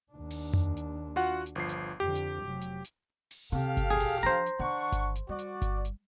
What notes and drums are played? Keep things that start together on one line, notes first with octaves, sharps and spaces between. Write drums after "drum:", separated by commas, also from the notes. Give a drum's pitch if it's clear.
D#2 D4
drum: open hi-hat
drum: tom F2
drum: hi-hat
F4 F#4 F#5
drum: hi-hat
G1 F3 C7
drum: hi-hat
F2 D3 G4
drum: hi-hat
F1 F#3
drum: hi-hat
drum: hi-hat
drum: open hi-hat
C3 G4 A4 F5
drum: kick G1, hi-hat
E1 A#1 G#4
drum: open hi-hat
F3 D4 C5 A#5
drum: hi-hat
D#3 D4 F#5 C#6
drum: kick G1, hi-hat
drum: hi-hat
G3 F#4 D5
drum: hi-hat
drum: kick G1, hi-hat
drum: hi-hat